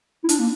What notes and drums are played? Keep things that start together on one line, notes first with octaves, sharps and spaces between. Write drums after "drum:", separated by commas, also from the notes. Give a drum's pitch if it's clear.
E4
D4, drum: hi-hat
A#3